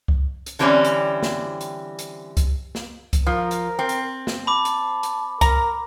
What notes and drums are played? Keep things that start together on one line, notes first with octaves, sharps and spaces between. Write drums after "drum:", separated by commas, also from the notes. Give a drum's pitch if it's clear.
drum: kick C2
drum: hi-hat
D3 E3 G3 C4 C#4 E4
drum: hi-hat
drum: snare
drum: hi-hat
drum: hi-hat
drum: kick C2, hi-hat
drum: snare
drum: kick C2, hi-hat
F3 A#4
drum: hi-hat
C4
drum: hi-hat
drum: snare
A5 B5 D6
drum: hi-hat
drum: hi-hat
A#4 A#5, drum: kick C2, hi-hat